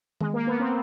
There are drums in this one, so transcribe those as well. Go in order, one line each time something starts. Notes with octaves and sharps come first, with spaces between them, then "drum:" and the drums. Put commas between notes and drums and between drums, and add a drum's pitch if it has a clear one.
G#3, drum: tom D#3
A#3
B3
C4